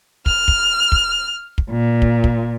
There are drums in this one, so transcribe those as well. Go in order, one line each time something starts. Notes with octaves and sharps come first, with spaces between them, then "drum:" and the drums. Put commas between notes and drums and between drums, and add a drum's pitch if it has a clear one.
F6, drum: kick
drum: kick
drum: kick
drum: kick
A#2
drum: kick
drum: kick